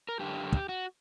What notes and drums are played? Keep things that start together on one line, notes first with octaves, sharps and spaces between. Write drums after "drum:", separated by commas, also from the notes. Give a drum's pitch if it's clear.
A#4
F#2 D3 G4
drum: kick
F#4